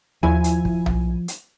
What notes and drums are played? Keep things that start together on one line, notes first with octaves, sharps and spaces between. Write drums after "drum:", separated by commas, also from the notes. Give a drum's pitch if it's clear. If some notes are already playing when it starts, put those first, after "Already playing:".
D#2 F3 E4 G#5
drum: hi-hat
drum: kick
drum: tom B1
drum: hi-hat